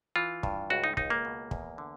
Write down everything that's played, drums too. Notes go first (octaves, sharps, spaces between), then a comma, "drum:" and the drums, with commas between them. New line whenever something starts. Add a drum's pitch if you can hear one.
E3 F4
G2, drum: kick
C#2 F#4
D#4
C#2 D#4, drum: kick
A#3
B2
E2, drum: kick
D3